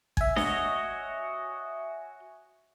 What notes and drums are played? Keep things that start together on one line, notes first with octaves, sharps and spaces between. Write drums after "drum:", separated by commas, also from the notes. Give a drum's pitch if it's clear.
E5 G#5, drum: kick
F#4 C#5 D#5, drum: snare D4